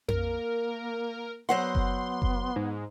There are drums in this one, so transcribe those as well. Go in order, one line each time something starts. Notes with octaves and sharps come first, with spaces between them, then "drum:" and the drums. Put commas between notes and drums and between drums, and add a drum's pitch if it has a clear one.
A#3 A#4, drum: tom F2
F#3 B3 C5 F#5 C6
drum: kick F#1
drum: kick F#1
G#2